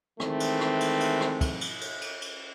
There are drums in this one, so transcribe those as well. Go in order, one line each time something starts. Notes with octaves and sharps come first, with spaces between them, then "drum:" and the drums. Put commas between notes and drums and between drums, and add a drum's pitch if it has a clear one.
D#3 E3 G#3 A3 C4, drum: rim click
drum: cymbal
drum: rim click
drum: cymbal
drum: cymbal
drum: rim click
drum: kick, cymbal
drum: cymbal
drum: cymbal
drum: cymbal
drum: cymbal